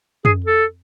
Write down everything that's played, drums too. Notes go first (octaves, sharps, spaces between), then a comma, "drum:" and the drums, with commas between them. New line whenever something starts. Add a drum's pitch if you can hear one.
G#4, drum: tom
A4